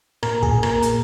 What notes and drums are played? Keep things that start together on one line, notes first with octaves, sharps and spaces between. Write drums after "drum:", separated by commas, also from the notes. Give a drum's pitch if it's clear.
A#2 A#4, drum: rim click
G#4, drum: kick
A#2
A#4, drum: rim click
A#2, drum: hi-hat